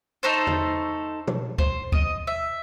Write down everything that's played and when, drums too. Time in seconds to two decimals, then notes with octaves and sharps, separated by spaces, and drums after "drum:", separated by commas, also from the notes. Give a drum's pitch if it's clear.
0.23 A3 D#4 A4 C5
0.47 drum: tom E2
1.27 drum: tom
1.58 C5, drum: kick C#2
1.92 D#5, drum: kick C#2
2.27 E5